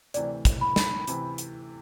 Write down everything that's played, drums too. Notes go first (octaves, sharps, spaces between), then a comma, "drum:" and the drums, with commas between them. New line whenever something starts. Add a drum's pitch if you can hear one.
D2 C3 E3 D5, drum: hi-hat
drum: kick, hi-hat
B5
drum: snare
C3 E3, drum: hi-hat
drum: hi-hat